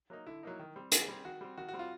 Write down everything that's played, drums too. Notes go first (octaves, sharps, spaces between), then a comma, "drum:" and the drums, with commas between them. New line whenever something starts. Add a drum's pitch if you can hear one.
F#3 A#3 D#4
D3 E4
F#3 A#3 D#4
D#3
G3 C4
D#3 G#4, drum: hi-hat
G3 C4
D#3 F#4
G3 C4
D#3 F#4
F#4
G3 C4
F4